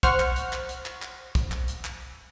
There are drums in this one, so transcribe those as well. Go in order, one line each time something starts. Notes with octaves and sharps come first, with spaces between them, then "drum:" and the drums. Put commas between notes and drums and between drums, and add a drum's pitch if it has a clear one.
C5 F#5 C#6 F6, drum: kick, hi-hat
drum: clap
drum: hi-hat
drum: clap
drum: hi-hat
drum: clap
drum: clap
drum: kick, hi-hat
drum: clap
drum: hi-hat
drum: clap